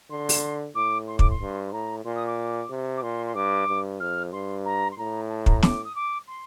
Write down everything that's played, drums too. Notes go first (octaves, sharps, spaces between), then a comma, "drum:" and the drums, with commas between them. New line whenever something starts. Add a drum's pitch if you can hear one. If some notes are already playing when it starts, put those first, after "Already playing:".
D3 C6
drum: open hi-hat
A2 D6
C6
D6, drum: kick
C6
G2
C6
A2 A#5
A#2 C6
D#6
D6
C3
D6
A#2 C6
C6
G2 D6
G2
F2 F6
G2 C6
A#5
C6
A2 A#5
A5
A#5, drum: kick
D6, drum: snare
D#6
D6
C6